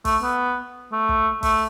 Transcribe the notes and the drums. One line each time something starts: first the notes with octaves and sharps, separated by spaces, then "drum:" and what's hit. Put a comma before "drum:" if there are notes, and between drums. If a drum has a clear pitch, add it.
A3, drum: kick, open hi-hat
B3
A3
drum: kick
A3, drum: kick, open hi-hat